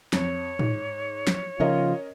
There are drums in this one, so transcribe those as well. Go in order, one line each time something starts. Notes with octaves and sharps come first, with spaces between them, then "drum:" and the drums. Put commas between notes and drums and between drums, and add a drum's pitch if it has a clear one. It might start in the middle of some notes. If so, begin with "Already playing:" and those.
F2 C#5, drum: snare
G#2, drum: tom A2
drum: snare
C#3 F3 C#4 F4 A#4 D#5